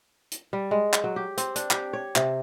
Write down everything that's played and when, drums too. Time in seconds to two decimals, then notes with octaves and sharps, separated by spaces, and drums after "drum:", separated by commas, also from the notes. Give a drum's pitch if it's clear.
0.32 drum: hi-hat
0.53 G3
0.71 G#3
0.93 drum: clap
1.04 F#3
1.16 G4
1.37 C4, drum: hi-hat
1.56 D4, drum: hi-hat
1.71 G4, drum: clap
1.93 C#5
2.16 C3, drum: clap